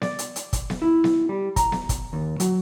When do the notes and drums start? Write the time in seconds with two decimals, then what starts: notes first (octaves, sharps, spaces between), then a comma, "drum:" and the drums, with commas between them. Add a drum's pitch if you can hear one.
0.02 D5, drum: snare B3
0.19 drum: hi-hat
0.36 drum: hi-hat
0.53 drum: kick, hi-hat
0.70 drum: snare B3
0.82 E4
1.04 drum: snare B3
1.29 G3
1.56 A#5, drum: kick, hi-hat
1.72 drum: snare B3
1.89 drum: kick, hi-hat
2.13 D#2
2.40 F#3, drum: hi-hat